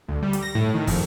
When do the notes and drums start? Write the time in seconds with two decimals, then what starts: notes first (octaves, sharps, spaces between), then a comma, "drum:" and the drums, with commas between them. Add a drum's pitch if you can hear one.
0.08 D2
0.22 G3
0.33 drum: hi-hat
0.43 A#6
0.55 A2
0.75 D#3
0.87 F2, drum: kick, open hi-hat